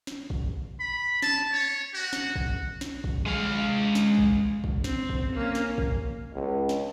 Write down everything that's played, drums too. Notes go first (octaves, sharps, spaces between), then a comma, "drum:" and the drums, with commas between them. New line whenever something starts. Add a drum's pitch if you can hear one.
drum: snare
drum: kick
B5
A5, drum: snare
C#5
F#4
drum: snare
drum: kick
drum: snare
drum: kick
G#3 F5
drum: snare
drum: kick
drum: kick
C4, drum: snare
drum: kick
A#3 C#4
drum: snare
drum: kick
C#2
drum: snare